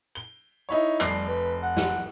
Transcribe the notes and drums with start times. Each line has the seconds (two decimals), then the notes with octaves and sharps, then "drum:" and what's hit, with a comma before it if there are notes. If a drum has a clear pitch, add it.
0.15 G7
0.69 D#4 E4 C#5
1.00 F1 G3 C7, drum: clap
1.28 B4
1.63 F#5
1.77 drum: snare